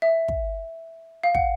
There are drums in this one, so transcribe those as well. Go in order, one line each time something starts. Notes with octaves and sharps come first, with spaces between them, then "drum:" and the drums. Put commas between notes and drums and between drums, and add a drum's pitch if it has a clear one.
E5
drum: kick
F5
F#5, drum: kick